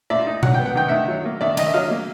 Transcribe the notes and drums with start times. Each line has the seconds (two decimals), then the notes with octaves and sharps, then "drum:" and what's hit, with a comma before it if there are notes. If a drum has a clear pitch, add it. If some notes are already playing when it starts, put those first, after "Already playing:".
0.10 A#2 D5 E5
0.26 D#4
0.43 F#3 F#5, drum: tom B2
0.54 G5
0.60 B3
0.66 F#5
0.76 D#3 G5
0.88 D#3 E5 F#5
1.08 F#3
1.25 A#3
1.41 D#3 D5 E5
1.57 D#3 D#5, drum: cymbal
1.66 E5
1.74 F#3 D#5 F5
1.90 A#3